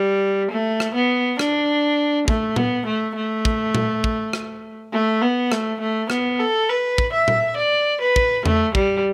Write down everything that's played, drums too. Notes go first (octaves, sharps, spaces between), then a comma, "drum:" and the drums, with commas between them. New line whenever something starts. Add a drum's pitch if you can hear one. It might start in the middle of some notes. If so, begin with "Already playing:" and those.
Already playing: G3
A3
drum: rim click
B3
D4, drum: rim click
A3, drum: kick
B3, drum: tom A#2
A3
A3
drum: kick
drum: tom A#2
drum: kick
drum: rim click
A3
B3
A3, drum: rim click
A3
B3, drum: rim click
A4
B4
drum: kick
E5
drum: tom A#2
D5
B4
drum: kick
A3, drum: tom E2
G3, drum: kick